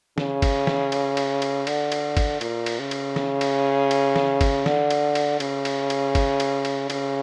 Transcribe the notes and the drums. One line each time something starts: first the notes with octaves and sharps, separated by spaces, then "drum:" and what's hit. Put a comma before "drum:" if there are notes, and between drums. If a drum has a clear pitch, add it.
C#3, drum: snare
drum: kick, cymbal
drum: snare
drum: cymbal
drum: cymbal
drum: cymbal
D3, drum: cymbal
drum: cymbal
drum: kick, cymbal
A#2, drum: cymbal
drum: cymbal
C#3
drum: cymbal
drum: snare
drum: cymbal
drum: cymbal
drum: snare
drum: kick, cymbal
D3, drum: snare
drum: cymbal
drum: cymbal
C#3, drum: cymbal
drum: cymbal
drum: cymbal
drum: kick, cymbal
drum: cymbal
drum: cymbal
C#3, drum: cymbal